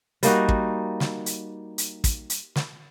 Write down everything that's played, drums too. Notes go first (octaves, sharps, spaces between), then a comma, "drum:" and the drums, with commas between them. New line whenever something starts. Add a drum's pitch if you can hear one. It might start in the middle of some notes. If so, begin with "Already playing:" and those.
G3 A#3 D#4 F#4, drum: hi-hat
drum: kick
drum: snare
drum: hi-hat
drum: hi-hat
drum: kick, hi-hat
drum: hi-hat
drum: snare